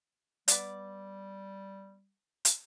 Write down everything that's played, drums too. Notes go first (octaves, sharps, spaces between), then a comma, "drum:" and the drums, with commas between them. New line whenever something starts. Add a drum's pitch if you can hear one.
G3 B3 D5, drum: hi-hat
drum: hi-hat